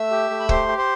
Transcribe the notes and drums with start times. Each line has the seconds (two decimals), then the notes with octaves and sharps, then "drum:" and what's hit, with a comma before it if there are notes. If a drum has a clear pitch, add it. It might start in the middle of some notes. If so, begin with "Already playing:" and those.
Already playing: A3 E5 E6
0.11 G4
0.30 A3
0.40 B5
0.49 G4 C5 C6, drum: kick
0.68 G4
0.78 C5 C6